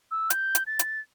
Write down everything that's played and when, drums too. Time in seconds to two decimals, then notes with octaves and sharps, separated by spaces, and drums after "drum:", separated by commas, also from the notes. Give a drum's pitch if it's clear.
0.11 E6
0.30 G6, drum: hi-hat
0.55 drum: hi-hat
0.67 A6
0.79 drum: hi-hat